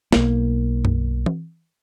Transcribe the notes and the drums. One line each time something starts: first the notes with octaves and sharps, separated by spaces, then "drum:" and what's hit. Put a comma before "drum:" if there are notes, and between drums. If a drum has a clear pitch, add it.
B1 A#3, drum: snare
drum: tom F#2
drum: tom E3